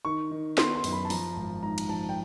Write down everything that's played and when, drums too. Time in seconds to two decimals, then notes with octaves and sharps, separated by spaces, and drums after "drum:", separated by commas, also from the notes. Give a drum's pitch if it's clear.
0.05 D#3 C#6
0.31 D#3
0.58 B3 C6, drum: snare
0.75 C6
0.84 F#2, drum: open hi-hat
0.93 B5
1.05 A5
1.10 F3 A#5, drum: open hi-hat
1.37 G#1
1.63 G#2 A#5
1.78 drum: cymbal
1.89 F3 A5
2.09 G5